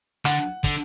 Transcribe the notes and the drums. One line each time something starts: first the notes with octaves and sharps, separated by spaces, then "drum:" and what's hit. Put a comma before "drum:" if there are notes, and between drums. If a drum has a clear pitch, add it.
D3 F#5, drum: rim click
D3, drum: kick